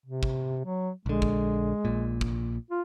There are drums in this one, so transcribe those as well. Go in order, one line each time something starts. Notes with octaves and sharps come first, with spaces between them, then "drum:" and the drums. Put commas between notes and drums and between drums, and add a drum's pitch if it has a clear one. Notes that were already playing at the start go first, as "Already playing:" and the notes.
C3
drum: kick
F#3
A#1 D3 G#3
drum: kick
A#1 A#2
drum: kick
F4